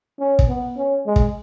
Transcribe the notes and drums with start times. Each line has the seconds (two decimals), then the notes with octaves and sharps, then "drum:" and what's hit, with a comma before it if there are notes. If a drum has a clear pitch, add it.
0.19 C#4
0.39 drum: kick
0.48 B3
0.77 C#4
1.06 G#3
1.16 drum: kick